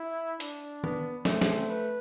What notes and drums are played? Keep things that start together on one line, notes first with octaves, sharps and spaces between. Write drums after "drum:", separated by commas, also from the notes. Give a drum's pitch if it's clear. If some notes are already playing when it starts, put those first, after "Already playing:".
Already playing: E4
D4, drum: hi-hat
B3, drum: tom
A3 C4, drum: snare
drum: snare
B4